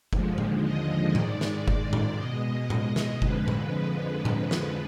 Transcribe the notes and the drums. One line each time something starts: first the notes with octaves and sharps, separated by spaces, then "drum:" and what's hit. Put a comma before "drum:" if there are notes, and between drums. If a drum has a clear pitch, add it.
D#2 D3 F3 G#3, drum: kick F#1
drum: tom A2
D#5
G#2 D#3 G#3 D5, drum: tom A2
drum: snare
D5, drum: kick F#1
drum: tom A2
B2 G#3 D#5
drum: tom A2
drum: snare
F2 D3 F3 G#3 B4, drum: kick F#1
drum: tom A2
drum: tom A2
drum: snare